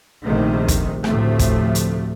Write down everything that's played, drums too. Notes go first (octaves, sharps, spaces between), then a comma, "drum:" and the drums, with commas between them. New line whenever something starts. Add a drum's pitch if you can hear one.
A#1 C3 D#3 A3
drum: kick, hi-hat
D2 A2 C3 F3 A3, drum: rim click
drum: kick, hi-hat
drum: hi-hat